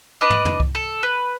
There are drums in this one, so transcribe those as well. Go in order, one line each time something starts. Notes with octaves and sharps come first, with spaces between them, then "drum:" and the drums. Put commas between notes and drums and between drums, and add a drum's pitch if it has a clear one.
D4 B4 D5 D#5
drum: tom
drum: tom
drum: kick C2
A4
B4